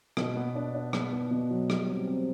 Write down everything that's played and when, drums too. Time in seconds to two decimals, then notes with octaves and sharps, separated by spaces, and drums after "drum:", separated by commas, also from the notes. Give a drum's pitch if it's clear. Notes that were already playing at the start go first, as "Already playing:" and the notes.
0.17 B2, drum: rim click
0.36 B3
0.55 D4
0.74 D4
0.93 B3, drum: rim click
1.13 B3
1.31 B2
1.51 F#3
1.70 G3, drum: rim click
1.89 C3
2.08 C3